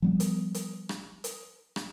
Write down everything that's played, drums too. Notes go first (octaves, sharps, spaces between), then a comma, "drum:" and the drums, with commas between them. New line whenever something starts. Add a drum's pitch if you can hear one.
F3 G3 B3
drum: hi-hat
drum: hi-hat
drum: rim click
drum: hi-hat
drum: rim click